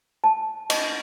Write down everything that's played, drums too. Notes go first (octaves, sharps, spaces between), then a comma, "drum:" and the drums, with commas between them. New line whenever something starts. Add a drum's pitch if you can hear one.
A5
D#5, drum: cymbal